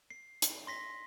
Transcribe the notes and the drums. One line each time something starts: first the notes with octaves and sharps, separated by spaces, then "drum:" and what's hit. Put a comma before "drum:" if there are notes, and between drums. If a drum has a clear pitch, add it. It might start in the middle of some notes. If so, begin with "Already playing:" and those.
C7
drum: hi-hat
C6 A#6 B6